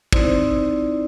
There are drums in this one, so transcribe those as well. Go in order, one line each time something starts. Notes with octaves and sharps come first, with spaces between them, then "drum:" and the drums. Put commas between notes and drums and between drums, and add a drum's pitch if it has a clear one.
C4 D#4 E4 C5 D5, drum: kick